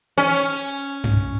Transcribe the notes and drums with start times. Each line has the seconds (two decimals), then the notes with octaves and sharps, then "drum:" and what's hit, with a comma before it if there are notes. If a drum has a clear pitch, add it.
0.18 C#4
1.04 drum: tom G2